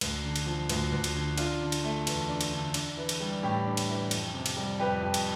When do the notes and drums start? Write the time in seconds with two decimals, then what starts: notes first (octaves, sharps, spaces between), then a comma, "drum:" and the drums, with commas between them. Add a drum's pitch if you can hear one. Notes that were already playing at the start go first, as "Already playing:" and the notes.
0.01 D2, drum: cymbal
0.24 D3
0.36 drum: cymbal
0.46 F3
0.69 D2, drum: cymbal
0.92 D2
1.04 drum: cymbal
1.15 D3
1.38 D4 F4, drum: cymbal
1.61 D3
1.72 drum: cymbal
1.84 A3
2.07 E2, drum: cymbal
2.29 D4
2.41 drum: cymbal
2.52 D3
2.74 D4, drum: cymbal
2.97 E3
3.09 drum: cymbal
3.20 G3
3.43 A2 G4
3.66 D4
3.77 drum: cymbal
3.89 E3
4.11 F2, drum: cymbal
4.34 C3
4.46 drum: cymbal
4.57 G3
4.79 F2 G4 B4
5.02 F2
5.14 drum: cymbal